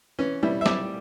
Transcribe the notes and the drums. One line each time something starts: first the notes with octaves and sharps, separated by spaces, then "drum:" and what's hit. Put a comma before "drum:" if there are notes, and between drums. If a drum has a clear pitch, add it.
E3 C#4
G3 E4
E5
G3 D5, drum: snare